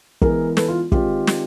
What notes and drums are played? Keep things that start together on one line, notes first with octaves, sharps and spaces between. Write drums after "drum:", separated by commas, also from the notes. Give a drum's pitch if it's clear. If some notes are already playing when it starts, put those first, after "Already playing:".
E3 G#3 B3 G#4 A#4, drum: kick
A4 B4, drum: snare
F4
D#3 G#3 C4 D#4 F4 G4, drum: kick
drum: snare